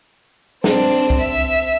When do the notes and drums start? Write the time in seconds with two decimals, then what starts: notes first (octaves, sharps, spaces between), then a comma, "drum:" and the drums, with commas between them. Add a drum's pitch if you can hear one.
0.64 C4 D4, drum: snare
1.10 drum: kick C2
1.20 E5